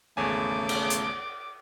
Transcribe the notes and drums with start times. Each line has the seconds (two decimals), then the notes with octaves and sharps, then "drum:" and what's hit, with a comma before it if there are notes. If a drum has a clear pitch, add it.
0.17 G#1 E2 C#3 A3 G#5 D6
0.69 drum: cymbal
0.90 drum: hi-hat